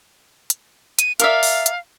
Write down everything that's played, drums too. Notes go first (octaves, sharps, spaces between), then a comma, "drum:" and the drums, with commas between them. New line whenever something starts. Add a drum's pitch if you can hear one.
drum: hi-hat
D#7, drum: hi-hat
A#4 D5 E5 F5, drum: hi-hat
drum: open hi-hat
drum: hi-hat